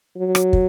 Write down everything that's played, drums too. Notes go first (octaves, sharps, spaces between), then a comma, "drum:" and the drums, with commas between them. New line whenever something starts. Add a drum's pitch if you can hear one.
F#3
drum: rim click
drum: kick